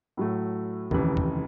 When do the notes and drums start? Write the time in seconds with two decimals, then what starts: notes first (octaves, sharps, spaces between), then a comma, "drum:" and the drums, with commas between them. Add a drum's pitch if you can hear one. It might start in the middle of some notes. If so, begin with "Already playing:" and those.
0.17 A2 F#3 A3
0.91 F1 D#2 C#3 E3, drum: kick
1.17 drum: kick